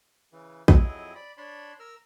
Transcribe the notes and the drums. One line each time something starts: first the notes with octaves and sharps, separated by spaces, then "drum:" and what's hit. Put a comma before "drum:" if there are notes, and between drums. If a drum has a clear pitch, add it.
C#3 E3
F2 F#3 C4 E4 G#4 D#5, drum: kick
D5 B5
D4 C#5 A5 B5 C6
A#4 E6 F6